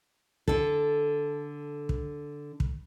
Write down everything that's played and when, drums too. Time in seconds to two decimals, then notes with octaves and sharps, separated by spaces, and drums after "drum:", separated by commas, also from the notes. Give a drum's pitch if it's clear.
0.48 D3 A4, drum: kick
1.89 drum: kick
2.60 drum: kick